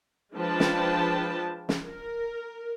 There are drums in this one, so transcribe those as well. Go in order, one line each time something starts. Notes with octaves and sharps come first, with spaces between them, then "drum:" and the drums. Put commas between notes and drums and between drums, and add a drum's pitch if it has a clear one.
F3 G#3 D4 B4 G5 A5
drum: snare
drum: snare
A#4